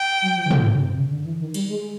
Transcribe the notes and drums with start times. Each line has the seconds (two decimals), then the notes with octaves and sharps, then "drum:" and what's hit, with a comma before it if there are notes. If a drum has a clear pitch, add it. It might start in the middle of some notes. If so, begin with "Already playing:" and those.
Already playing: G5
0.22 F#3
0.36 F3
0.46 D3
0.51 D#3, drum: tom
0.66 B2
0.76 C#3
0.80 C3
0.95 C#3
1.10 D3
1.24 E3
1.40 D#3
1.54 G3, drum: cymbal
1.69 G#3